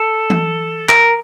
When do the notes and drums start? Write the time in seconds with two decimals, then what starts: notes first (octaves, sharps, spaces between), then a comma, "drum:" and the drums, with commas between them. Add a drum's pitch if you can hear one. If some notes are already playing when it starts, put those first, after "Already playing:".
Already playing: A4
0.30 drum: tom E3
0.89 A#4, drum: clap